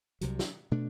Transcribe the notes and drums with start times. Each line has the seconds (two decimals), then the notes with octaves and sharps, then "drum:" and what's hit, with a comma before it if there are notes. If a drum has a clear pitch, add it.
0.21 C2 C3 F#3, drum: hi-hat
0.39 drum: snare
0.71 B2 A3 D4